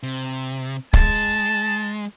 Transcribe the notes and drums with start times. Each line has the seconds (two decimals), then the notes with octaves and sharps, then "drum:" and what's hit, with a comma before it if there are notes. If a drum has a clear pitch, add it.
0.03 C3
0.93 G#3 A5, drum: kick C#1